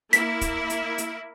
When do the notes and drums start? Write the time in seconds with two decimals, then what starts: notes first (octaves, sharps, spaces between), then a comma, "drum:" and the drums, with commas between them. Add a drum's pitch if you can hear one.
0.13 A#3 E4 B6, drum: hi-hat
0.41 drum: kick, hi-hat
0.70 drum: hi-hat
0.98 drum: hi-hat